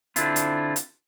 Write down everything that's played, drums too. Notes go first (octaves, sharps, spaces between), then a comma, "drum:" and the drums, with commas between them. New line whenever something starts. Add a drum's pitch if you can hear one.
D3 C4 D4 E4 F4, drum: hi-hat
drum: hi-hat
drum: hi-hat